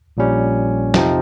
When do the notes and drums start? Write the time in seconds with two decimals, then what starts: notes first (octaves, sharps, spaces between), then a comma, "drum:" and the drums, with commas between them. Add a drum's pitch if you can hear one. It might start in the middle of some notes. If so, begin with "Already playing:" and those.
0.17 A#1 A#2 G3 C#4
0.94 F2 C3 F3 C4 D#4, drum: snare